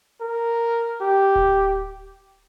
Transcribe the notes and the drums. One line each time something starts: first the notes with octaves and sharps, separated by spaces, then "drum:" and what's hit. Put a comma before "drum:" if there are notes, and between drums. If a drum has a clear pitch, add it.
A#4
G4
drum: kick D1